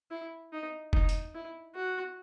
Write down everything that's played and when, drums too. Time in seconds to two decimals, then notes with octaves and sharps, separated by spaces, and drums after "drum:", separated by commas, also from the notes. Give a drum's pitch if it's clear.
0.11 E4
0.52 D#4
0.93 D#4, drum: kick F1
1.09 drum: hi-hat
1.34 E4
1.75 F#4